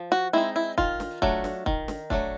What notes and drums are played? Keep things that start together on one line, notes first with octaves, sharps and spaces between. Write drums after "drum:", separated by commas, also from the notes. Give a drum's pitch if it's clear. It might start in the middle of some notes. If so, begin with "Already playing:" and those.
Already playing: F3
F#4
G#3 C4 D#4 E4
E4
D#3 F4, drum: kick
drum: snare
F#3 A3 D4, drum: kick
drum: snare
D#3, drum: kick
drum: snare
F#3 A3 D4, drum: kick